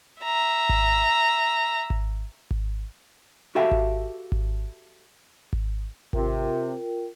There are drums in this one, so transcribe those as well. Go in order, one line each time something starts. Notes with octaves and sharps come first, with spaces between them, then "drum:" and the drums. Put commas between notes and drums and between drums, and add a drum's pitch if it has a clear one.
E5 A#5
drum: kick G#1
drum: kick G#1
drum: kick G#1
F#4 G4 A4 E5 F5 G5
drum: kick G#1
drum: kick G#1
drum: kick G#1
C3 F4 A#4 G5, drum: kick G#1